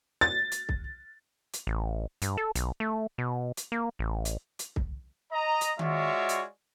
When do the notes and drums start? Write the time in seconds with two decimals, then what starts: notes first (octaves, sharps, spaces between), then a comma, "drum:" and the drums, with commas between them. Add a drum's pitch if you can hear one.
0.21 A6
0.52 drum: hi-hat
0.69 drum: kick C2
1.54 drum: hi-hat
1.67 A1
2.22 G2, drum: hi-hat
2.37 A4
2.55 B1, drum: hi-hat
2.80 A3
3.18 B2
3.57 drum: hi-hat
3.72 A#3
3.99 A1
4.25 drum: hi-hat
4.59 drum: hi-hat
4.76 drum: kick C2
5.33 D#5 A#5
5.61 drum: hi-hat
5.79 G#3 F4 F#4 C#5 D5 E5, drum: tom D#3
6.29 drum: hi-hat